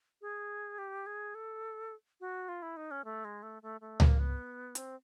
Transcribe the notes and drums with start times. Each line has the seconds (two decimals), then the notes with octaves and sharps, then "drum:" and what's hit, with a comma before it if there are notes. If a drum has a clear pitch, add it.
0.21 G#4
0.78 G4
1.06 G#4
1.35 A4
2.20 F#4
2.48 F4
2.62 E4
2.77 D#4
2.91 C#4
3.04 A3
3.24 G#3
3.43 A3
3.62 A3
3.81 A3
4.00 A#3, drum: tom C#2
4.19 B3
4.75 C4, drum: hi-hat